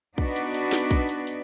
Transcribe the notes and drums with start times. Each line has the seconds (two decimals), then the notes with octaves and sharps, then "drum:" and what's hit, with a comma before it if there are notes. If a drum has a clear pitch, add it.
0.18 B3 D4 D#4 F#4 B4 D5, drum: kick
0.36 drum: hi-hat
0.54 drum: hi-hat
0.72 drum: snare
0.91 drum: kick, hi-hat
1.09 drum: hi-hat
1.27 drum: hi-hat